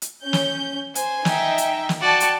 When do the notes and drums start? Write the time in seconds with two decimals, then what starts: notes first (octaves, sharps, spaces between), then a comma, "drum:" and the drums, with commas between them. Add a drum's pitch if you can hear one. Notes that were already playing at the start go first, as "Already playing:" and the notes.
0.02 drum: hi-hat
0.23 C#4 G6
0.33 drum: snare
0.95 C5 G#5, drum: hi-hat
1.25 D#4 E5 G5, drum: snare
1.58 drum: hi-hat
1.89 drum: snare
2.01 F#4 D5 G5 A5
2.20 drum: hi-hat